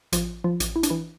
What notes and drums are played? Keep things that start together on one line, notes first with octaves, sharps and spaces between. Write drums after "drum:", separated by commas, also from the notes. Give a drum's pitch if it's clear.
A1 F3 F4, drum: hi-hat
F3 F4
A1, drum: hi-hat
E4
D4, drum: hi-hat
E3 E4